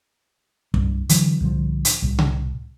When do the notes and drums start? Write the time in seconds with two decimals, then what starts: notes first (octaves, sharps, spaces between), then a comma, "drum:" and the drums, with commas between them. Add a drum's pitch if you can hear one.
0.74 C2 G2, drum: kick
1.09 D3 E3 F#3, drum: hi-hat
1.40 C2 A2 D3 F3
1.85 drum: hi-hat
2.02 C2 A2 C3
2.19 drum: tom C3